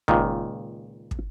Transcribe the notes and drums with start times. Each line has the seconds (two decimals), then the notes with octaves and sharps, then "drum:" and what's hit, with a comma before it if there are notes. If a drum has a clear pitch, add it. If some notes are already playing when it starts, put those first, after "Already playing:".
0.08 C#2 A#2 D#3, drum: kick
1.11 drum: kick